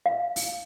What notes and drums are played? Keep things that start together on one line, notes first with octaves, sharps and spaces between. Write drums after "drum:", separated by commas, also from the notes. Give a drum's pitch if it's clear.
F5
drum: open hi-hat